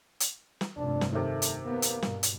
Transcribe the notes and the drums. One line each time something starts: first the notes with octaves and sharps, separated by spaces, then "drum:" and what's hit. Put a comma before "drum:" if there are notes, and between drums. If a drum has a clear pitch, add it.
drum: hi-hat
drum: snare
F1 G2 D4
drum: snare
C3 D#3 A3
drum: hi-hat
A#3 B3
drum: hi-hat
G2 B2, drum: snare
drum: hi-hat